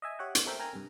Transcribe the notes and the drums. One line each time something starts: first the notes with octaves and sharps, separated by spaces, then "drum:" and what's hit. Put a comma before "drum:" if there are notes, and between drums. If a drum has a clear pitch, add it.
D#5 E5 G#5
G4 C#5 E5 F#5 G5
drum: hi-hat
A3 C4 A#4 E5 G5 G6
A#4 G5 G#5 A#5
G2 C3